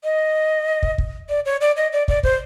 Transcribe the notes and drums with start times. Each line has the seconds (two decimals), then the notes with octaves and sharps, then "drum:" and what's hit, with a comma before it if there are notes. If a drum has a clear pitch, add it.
0.04 D#5
0.83 drum: kick
0.98 drum: kick
1.29 D5
1.45 C#5
1.61 D5
1.76 D#5
1.92 D5
2.08 D5, drum: kick
2.23 C5, drum: kick